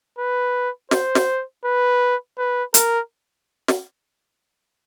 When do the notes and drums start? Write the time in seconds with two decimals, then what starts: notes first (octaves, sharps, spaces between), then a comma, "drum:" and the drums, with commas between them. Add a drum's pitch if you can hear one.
0.18 B4
0.91 C5, drum: snare
1.15 drum: snare
1.64 B4
2.38 B4
2.74 A#4, drum: hi-hat
3.68 drum: snare